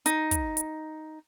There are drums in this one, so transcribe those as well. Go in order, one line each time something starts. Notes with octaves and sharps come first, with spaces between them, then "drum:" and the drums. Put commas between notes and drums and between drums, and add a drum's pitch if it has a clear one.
D#4, drum: hi-hat
drum: kick, hi-hat
drum: hi-hat